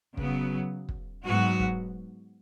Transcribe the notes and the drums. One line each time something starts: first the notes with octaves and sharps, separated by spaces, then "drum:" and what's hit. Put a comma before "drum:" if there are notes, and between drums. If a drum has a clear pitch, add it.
C#3 F#3 B3, drum: kick
drum: kick
G#2 F#3 B3 F#4
drum: kick